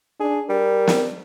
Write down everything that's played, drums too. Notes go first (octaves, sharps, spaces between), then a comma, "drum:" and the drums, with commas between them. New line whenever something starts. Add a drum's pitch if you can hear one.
D4 G#4
G3 A#4
drum: snare